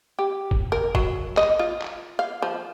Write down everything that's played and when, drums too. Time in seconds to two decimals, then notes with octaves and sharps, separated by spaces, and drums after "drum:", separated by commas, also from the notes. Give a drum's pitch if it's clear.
0.19 G4
0.51 drum: kick
0.72 A#4
0.95 F#3, drum: kick
1.37 D#5, drum: clap
1.59 F4
1.82 drum: clap
2.19 F5
2.42 F3